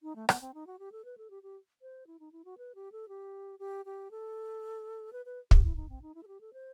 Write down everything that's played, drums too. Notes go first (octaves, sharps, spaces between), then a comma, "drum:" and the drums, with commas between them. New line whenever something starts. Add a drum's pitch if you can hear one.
D#4
A3
B3, drum: rim click
C4
D#4
F#4
G4
A4
B4
A4
G4
G4
C5
E4
D#4
E4
F#4
B4
G4
A4
G4
G4
G4
A4
B4
B4
G4, drum: kick
E4
D#4
C4
D#4
E4
A4
G4
A4
C5